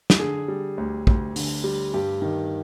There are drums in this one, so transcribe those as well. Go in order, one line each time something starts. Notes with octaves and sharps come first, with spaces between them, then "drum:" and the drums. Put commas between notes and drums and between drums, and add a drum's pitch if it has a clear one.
drum: snare
D3 G#4
G3
D2
D2, drum: kick
D3, drum: open hi-hat
G3
G2 G4
D#3